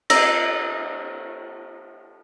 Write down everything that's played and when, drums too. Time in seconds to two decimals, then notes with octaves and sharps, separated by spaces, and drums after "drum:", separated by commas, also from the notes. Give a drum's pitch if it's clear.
0.10 A#5 E6 A#6, drum: cymbal